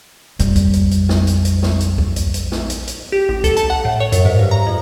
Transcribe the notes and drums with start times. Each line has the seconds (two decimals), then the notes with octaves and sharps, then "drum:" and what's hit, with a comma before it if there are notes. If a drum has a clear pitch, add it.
0.39 A#1 F2 G3, drum: hi-hat
0.56 drum: kick, hi-hat
0.73 drum: hi-hat
0.91 drum: hi-hat
1.09 drum: snare
1.27 drum: hi-hat
1.45 drum: hi-hat
1.63 drum: snare
1.80 drum: hi-hat
1.98 drum: kick
2.16 drum: hi-hat
2.34 drum: hi-hat
2.52 drum: snare
2.70 drum: hi-hat
2.87 drum: hi-hat
3.12 G4
3.29 A1
3.44 A4, drum: kick, hi-hat
3.57 A5, drum: hi-hat
3.70 F#5
3.85 A2
4.00 C#5
4.12 F#2, drum: hi-hat
4.25 G#2
4.39 G2
4.51 A#5
4.67 F2